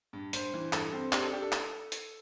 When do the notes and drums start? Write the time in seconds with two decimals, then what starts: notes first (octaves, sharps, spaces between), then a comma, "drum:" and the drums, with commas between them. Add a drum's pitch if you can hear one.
0.13 G2
0.33 G2 C5, drum: hi-hat
0.54 E3
0.73 G2 A4, drum: clap
0.93 C4
1.12 D4 G4, drum: clap
1.23 A4
1.32 D4 G4
1.42 A4
1.52 drum: clap
1.92 drum: hi-hat